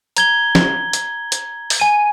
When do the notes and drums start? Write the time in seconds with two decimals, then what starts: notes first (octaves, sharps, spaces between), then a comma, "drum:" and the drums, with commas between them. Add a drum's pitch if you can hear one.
0.17 A#5 G#6 G7, drum: hi-hat
0.55 drum: snare
0.93 drum: hi-hat
1.32 drum: hi-hat
1.70 drum: open hi-hat
1.80 G#5 D#7